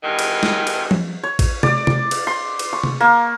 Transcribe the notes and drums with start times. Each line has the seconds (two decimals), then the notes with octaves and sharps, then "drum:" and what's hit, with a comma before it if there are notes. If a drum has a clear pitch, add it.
0.03 E2 G2 D3 D#3
0.19 drum: cymbal
0.43 drum: snare
0.67 drum: cymbal
0.91 drum: tom
1.23 C#5
1.39 drum: kick A1, cymbal
1.63 D5, drum: tom C3
1.87 drum: tom C3
2.11 drum: cymbal
2.27 C6
2.59 drum: cymbal
2.73 C#6
2.84 drum: tom C3
3.00 A#3